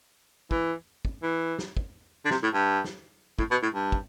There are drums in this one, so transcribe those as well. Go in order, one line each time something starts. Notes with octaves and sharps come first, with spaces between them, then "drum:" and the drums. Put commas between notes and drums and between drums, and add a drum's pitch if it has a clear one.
E3, drum: kick
drum: kick
E3
drum: snare
drum: kick
D3
C3, drum: snare
A2
G2
drum: snare
A2, drum: kick
B2
A2
G2
drum: kick